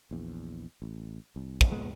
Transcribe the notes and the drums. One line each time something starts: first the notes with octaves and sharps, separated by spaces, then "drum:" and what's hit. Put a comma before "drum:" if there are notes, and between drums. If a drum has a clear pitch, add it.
A#1 E2
A1
C2
drum: kick
F1 A#2 G#3 B3